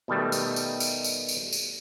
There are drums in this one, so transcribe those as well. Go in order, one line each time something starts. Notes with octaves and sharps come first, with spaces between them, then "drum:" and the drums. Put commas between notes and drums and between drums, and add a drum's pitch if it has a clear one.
B2 D#3 G3 A3
drum: tambourine
drum: tambourine
drum: tambourine
drum: tambourine
drum: tambourine
drum: tambourine